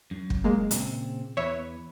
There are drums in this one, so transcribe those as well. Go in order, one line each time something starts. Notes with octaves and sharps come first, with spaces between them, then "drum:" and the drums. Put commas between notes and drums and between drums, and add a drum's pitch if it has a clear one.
F#2
drum: kick
G#3 A#3
A#2 C#3 C4, drum: hi-hat
E2 B4 C#5 E5